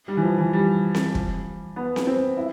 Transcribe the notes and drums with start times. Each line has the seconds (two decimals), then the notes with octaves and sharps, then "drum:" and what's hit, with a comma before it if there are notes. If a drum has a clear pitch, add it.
0.08 G3
0.17 E3
0.23 F3
0.38 E3
0.53 G3
0.95 drum: snare C4
1.15 drum: kick
1.76 B3
1.96 drum: snare C4
2.07 C4
2.37 E4